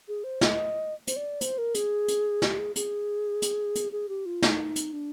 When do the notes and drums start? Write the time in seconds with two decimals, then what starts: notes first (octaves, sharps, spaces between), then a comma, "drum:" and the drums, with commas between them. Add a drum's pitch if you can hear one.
0.08 G#4
0.24 C5
0.41 D#5, drum: snare
1.07 C5, drum: hi-hat
1.16 D5
1.41 C5, drum: hi-hat
1.58 A#4
1.75 G#4, drum: hi-hat
2.08 drum: hi-hat
2.42 G4, drum: snare
2.59 G#4
2.76 G#4, drum: hi-hat
3.42 drum: hi-hat
3.75 drum: hi-hat
3.92 G#4
4.09 G4
4.26 F4
4.42 D#4, drum: snare
4.76 drum: hi-hat
4.93 D4